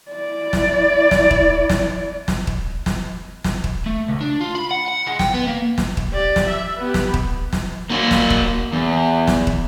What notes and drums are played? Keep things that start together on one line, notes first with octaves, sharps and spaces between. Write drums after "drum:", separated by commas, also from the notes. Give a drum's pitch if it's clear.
E4 D5
drum: snare
drum: snare
drum: kick
drum: snare
drum: snare
drum: kick
drum: snare
drum: snare
drum: kick
A3
C#2
D4
F4
B5
F#5
F#5
G#3
G5, drum: snare
B3
A#3
drum: snare
drum: kick
G4 D5
drum: snare
E5
B3 G4
drum: snare
drum: kick
drum: snare
A#3 F#4
drum: snare
drum: kick
E2
drum: snare
drum: kick